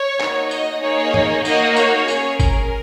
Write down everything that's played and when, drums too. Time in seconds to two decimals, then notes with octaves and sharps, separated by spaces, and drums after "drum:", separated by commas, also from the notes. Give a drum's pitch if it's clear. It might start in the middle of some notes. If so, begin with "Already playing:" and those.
Already playing: C#5
0.20 A#3 D#4 F#4, drum: clap
0.51 D#5, drum: tambourine
0.83 A#3 D#4 G#4 C#5
1.14 drum: tom
1.45 A#3 D#4 F#4 D#5, drum: tambourine
1.76 C#5, drum: tambourine
2.08 C#4 G#4, drum: tambourine
2.40 A#4, drum: kick G#1, tambourine